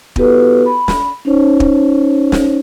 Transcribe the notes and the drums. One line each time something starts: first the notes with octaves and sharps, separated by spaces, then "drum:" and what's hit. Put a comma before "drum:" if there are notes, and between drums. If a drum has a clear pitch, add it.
B3 E4 F#4 G4 A4 B4, drum: kick
B5
drum: snare
C#4 D#4 C5 C#5
drum: kick
drum: snare